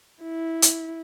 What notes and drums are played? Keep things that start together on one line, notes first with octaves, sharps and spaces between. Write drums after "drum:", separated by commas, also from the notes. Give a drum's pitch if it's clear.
E4
drum: hi-hat